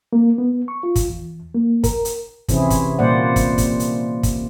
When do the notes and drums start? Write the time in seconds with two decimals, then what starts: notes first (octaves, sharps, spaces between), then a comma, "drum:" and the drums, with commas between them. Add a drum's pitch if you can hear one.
0.13 A#3
0.38 B3
0.68 C#6
0.83 F4
0.96 drum: kick, hi-hat
1.10 E2
1.54 A#3
1.84 A#4, drum: kick, hi-hat
2.05 drum: hi-hat
2.49 C3 E3 C4 C#4 E4 G#4, drum: kick, hi-hat
2.70 drum: kick, hi-hat
2.99 A#2 G3 A#3 C5 D5 F#5
3.36 drum: kick, hi-hat
3.58 drum: kick, hi-hat
3.80 drum: hi-hat
4.23 drum: kick, hi-hat